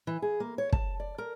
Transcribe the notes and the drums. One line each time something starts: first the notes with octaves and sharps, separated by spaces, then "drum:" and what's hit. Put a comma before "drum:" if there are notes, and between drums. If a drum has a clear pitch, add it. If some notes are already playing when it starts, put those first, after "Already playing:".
E3
G#4
A#3
C#5
A5, drum: kick
D5
A#4